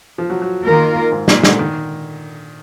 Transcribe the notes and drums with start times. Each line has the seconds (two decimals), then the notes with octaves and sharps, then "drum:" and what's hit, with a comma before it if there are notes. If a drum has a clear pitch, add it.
0.18 F3
0.30 F#3
0.42 F#3
0.65 D#3 A#3 F4 A#4
1.12 G#2
1.28 A#2, drum: snare
1.43 D3, drum: snare
1.59 D#3